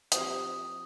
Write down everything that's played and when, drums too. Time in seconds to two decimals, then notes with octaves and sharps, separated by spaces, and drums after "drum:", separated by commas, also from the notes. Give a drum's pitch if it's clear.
0.12 F3 C4 G4 C5 D#6, drum: hi-hat